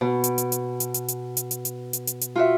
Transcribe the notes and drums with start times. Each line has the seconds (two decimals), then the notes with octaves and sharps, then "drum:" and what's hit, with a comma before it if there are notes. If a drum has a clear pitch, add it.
0.01 B2
0.24 drum: hi-hat
0.38 drum: hi-hat
0.52 drum: hi-hat
0.80 drum: hi-hat
0.94 drum: hi-hat
1.08 drum: hi-hat
1.37 drum: hi-hat
1.51 drum: hi-hat
1.65 drum: hi-hat
1.93 drum: hi-hat
2.07 drum: hi-hat
2.21 drum: hi-hat
2.36 F4 F#4 E5